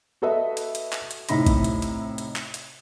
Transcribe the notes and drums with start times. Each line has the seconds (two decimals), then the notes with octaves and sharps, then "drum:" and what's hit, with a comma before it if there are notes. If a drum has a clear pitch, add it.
0.22 F#4 A4 B4 D#5 E5
0.57 drum: hi-hat
0.75 drum: hi-hat
0.93 drum: clap
1.11 drum: hi-hat
1.29 A2 C3 D#4 B5 A#6, drum: hi-hat
1.46 drum: kick, hi-hat
1.64 drum: hi-hat
1.82 drum: hi-hat
2.18 drum: hi-hat
2.36 drum: clap
2.54 drum: hi-hat